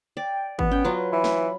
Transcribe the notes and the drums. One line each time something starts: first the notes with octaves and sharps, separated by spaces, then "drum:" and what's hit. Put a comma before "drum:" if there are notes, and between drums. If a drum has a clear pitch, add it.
D5 G5
E3 B3, drum: kick G#1
C#4 G5
F#3 F4 B4
E3 B5
drum: snare